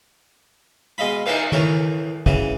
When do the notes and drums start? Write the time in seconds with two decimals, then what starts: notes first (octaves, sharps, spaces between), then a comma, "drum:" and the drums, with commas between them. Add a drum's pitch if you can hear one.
0.98 B2 G#3 D#5 F5 B5
1.26 D#4 A#4 E5 F5, drum: cymbal
1.52 E3 A3 A#4 C#5, drum: tom D#3
2.26 C#3 E3 F#3, drum: kick